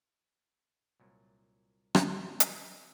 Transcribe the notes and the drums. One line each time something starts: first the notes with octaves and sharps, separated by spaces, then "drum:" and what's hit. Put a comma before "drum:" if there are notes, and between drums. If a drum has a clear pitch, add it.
C2 A#2 F#3
drum: rim click
drum: hi-hat